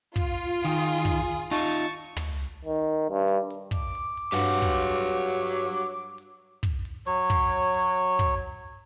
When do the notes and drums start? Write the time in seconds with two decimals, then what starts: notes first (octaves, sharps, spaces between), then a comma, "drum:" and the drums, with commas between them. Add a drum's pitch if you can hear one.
0.16 F4, drum: kick
0.38 drum: hi-hat
0.65 D#3 G#4
0.83 drum: hi-hat
1.05 drum: kick, hi-hat
1.51 D#4 F4 A5 C#6
1.72 drum: hi-hat
2.17 drum: tom
2.65 D#3
3.10 G2
3.28 drum: hi-hat
3.50 drum: hi-hat
3.71 D6, drum: kick, hi-hat
3.95 drum: hi-hat
4.17 drum: hi-hat
4.32 G2 F#3 G4 F5 F#5
4.62 drum: kick, hi-hat
5.29 drum: hi-hat
6.18 drum: hi-hat
6.63 drum: kick
6.85 drum: hi-hat
7.07 F#3 C#5, drum: hi-hat
7.30 drum: kick, hi-hat
7.52 drum: hi-hat
7.74 drum: hi-hat
7.97 drum: hi-hat
8.19 drum: kick